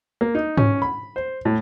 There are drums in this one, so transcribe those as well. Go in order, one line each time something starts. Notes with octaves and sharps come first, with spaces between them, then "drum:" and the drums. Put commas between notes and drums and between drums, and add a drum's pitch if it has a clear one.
A#3
D#4
C#4, drum: tom G#2
B5
C5
A2